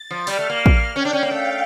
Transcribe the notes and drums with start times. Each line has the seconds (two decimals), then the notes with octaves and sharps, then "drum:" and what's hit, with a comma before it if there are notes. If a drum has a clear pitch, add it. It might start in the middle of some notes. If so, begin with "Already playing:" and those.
Already playing: A6
0.11 F3
0.27 G3 F6, drum: open hi-hat
0.39 A3
0.50 A#3
0.66 drum: kick
0.96 C#4 G5
1.05 D4
1.13 C#4
1.23 A#3
1.31 A3 F5